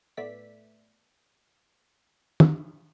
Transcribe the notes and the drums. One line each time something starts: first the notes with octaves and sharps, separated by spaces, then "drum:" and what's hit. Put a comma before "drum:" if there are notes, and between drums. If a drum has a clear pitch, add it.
A2 A3 B3 D5 E5 B6
drum: tom